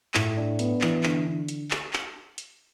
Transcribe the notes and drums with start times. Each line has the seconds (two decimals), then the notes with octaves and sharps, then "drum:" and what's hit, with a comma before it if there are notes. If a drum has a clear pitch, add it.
0.14 A2, drum: clap
0.37 D4
0.59 B3, drum: hi-hat
0.81 E3, drum: clap
1.03 D3, drum: clap
1.26 D3
1.48 drum: hi-hat
1.71 drum: clap
1.93 drum: clap
2.38 drum: hi-hat